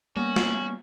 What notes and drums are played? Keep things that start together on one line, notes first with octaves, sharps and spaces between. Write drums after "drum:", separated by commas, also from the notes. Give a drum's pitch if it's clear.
G3 A#3 B3 C#4 F#4
drum: snare